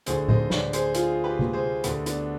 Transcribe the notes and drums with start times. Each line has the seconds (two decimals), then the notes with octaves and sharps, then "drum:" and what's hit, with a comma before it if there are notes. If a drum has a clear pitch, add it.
0.06 D2 D3 G#4 C5, drum: hi-hat
0.28 C5 D#5, drum: tom A2
0.50 B4 D5, drum: snare
0.73 G#4 C5, drum: hi-hat
0.94 F4 G#4, drum: hi-hat
1.24 G4 B4
1.39 drum: tom C3
1.53 G#4 C5
1.84 D2 D3 G4 B4, drum: hi-hat
2.06 B3 D4, drum: hi-hat